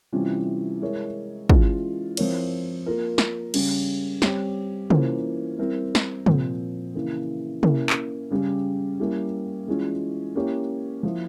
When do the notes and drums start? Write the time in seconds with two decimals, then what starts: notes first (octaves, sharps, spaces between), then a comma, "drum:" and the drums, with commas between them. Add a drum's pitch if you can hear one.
0.13 C3 E3 G3 C#4 F4
0.82 G#3 E4 A#4 C#5
1.49 E3 G#3 C#4 F4, drum: kick
2.17 F3 C4 E4 A#4 C#5, drum: cymbal
2.86 A#3 F4 A#4
3.18 drum: snare
3.54 C#3 G3 C#4, drum: cymbal
4.22 G3 C4 G4 C#5, drum: snare
4.90 E3 A#3 C#4 F4 C5, drum: tom
5.58 G3 C4 E4 A#4
5.95 drum: snare
6.26 A#2 F3 C4, drum: tom
6.95 C#3 E3 A#3 E4
7.63 A#3 C#4 E4, drum: tom
7.90 drum: clap
8.31 C#3 G3 C#4 G4
9.00 G3 A#3 C#4 E4 G4
9.67 E3 G#3 C#4 F4
10.35 A#3 C#4 E4 G4 C#5
11.03 F3 A#3 E4